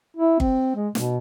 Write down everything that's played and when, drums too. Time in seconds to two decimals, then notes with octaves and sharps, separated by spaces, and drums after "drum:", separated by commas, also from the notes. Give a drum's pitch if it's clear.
0.17 E4
0.40 C4, drum: kick G1
0.75 G#3
0.95 B2, drum: snare